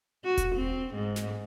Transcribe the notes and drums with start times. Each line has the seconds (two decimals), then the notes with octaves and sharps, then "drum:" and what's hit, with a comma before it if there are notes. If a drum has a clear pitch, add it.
0.24 F#4
0.37 drum: kick E1, hi-hat
0.56 C4
0.95 G#2
1.16 drum: snare